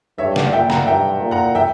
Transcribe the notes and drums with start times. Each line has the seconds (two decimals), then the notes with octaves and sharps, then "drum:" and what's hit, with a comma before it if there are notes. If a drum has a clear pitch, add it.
0.18 G2 C#5 E5
0.36 D5 F#5, drum: snare
0.52 A#2 E5 G5
0.70 F#5 A#5, drum: snare
0.86 G2 E5 G5
1.21 A#2
1.31 F#5 A#5
1.55 E5 G5